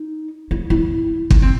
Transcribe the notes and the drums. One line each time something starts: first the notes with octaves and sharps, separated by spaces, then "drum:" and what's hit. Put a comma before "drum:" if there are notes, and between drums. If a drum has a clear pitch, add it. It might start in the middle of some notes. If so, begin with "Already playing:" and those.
Already playing: D#4
E4
E4
D#4, drum: kick
C4